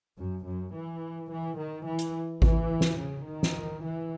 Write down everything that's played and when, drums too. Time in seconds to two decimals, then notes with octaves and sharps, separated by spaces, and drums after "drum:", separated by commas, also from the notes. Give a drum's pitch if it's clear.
0.18 F#2
0.46 F#2
0.75 E3
1.30 E3
1.58 D#3
1.86 E3
1.99 drum: hi-hat
2.42 E3, drum: kick G#1
2.81 drum: snare
2.98 C#3
3.26 D#3
3.43 drum: snare
3.82 E3